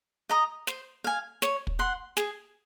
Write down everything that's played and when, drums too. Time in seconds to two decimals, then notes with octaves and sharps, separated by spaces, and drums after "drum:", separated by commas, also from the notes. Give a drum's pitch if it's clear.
0.30 D#5 A#5 D#6
0.67 C5, drum: snare
1.04 F5 G#5
1.42 C#5, drum: snare
1.67 drum: kick
1.79 F#5 C6
2.17 G#4, drum: snare